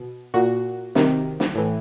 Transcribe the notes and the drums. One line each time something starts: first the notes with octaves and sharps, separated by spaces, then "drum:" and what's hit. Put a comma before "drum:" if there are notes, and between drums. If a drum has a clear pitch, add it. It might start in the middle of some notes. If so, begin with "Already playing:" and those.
Already playing: B2
A#2 F#4
C3 D#3, drum: snare
drum: snare
A2 E3